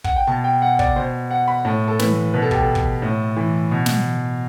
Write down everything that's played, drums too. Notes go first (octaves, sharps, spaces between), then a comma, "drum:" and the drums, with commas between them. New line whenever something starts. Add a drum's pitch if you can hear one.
F#5, drum: kick
G5
B2 A5
G5
F#5
D5, drum: kick
B2 C5
F#5
B5
A2 A5
A4
E3 B4, drum: snare
B2 B4
A4
G4, drum: kick
A4
drum: kick
A2
E3
B2
drum: snare